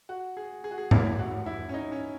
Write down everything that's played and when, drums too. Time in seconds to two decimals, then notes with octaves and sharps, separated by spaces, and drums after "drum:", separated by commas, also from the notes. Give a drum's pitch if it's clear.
0.09 F#4
0.37 G#4
0.64 G#4
0.71 F#4
0.78 G#4
0.91 E4, drum: tom G#2
1.19 F#4
1.46 E4
1.69 C#4
1.74 D#4
1.92 C#4